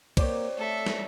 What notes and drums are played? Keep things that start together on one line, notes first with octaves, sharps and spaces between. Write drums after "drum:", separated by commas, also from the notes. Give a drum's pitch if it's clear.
A#3 C4 G4 C#5 D5, drum: kick, cymbal
A3 A4 E5
drum: snare